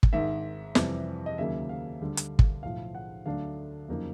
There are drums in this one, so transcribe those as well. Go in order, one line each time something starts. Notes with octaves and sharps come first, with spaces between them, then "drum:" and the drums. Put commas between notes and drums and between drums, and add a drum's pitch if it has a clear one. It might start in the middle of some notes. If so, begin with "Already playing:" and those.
drum: kick
G#1 G#2 D#3 E5
F2 C3 E3 G3, drum: snare
D#5
D#2 C#3 F#3 A#3 E5
F5
D2 D3 G3
drum: hi-hat
drum: kick
B1 A2 F3 F5
F#5
D2 D3 F#3 A3 D4 F5
F2 C#3 F#3 A#3 D#4